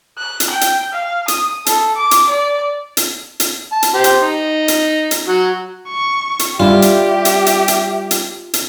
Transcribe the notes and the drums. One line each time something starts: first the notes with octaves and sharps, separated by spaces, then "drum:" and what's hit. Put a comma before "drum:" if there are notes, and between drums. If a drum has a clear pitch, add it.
F#6
drum: hi-hat
G5
drum: hi-hat
F5
D#6, drum: hi-hat
A4, drum: hi-hat
D6
drum: hi-hat
D5
drum: hi-hat
drum: hi-hat
A5
drum: hi-hat
G4 C5
drum: hi-hat
D#4
drum: hi-hat
drum: hi-hat
F#3 F#4
C#6
drum: hi-hat
G3 E4 F4 G4 E5
drum: hi-hat
drum: hi-hat
drum: hi-hat
drum: hi-hat
drum: hi-hat
drum: hi-hat